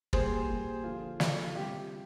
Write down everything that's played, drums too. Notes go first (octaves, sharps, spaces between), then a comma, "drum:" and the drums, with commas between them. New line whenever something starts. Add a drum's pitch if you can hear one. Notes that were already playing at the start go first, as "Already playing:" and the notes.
A#2 G3 G#4 C5, drum: kick
A#2 G3
D3 F3 F4
D3 F3, drum: snare
F4
C3 G3 G4